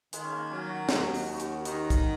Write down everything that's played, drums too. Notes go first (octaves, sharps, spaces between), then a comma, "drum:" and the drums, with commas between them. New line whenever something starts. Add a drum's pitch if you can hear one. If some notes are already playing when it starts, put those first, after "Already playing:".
D#3 G#3, drum: hi-hat
C#4
A#3
F#3 C#4
F#4
D#2 D#4, drum: snare
drum: open hi-hat
D#2 F#4
drum: hi-hat
D#3 D#4, drum: hi-hat
drum: kick, hi-hat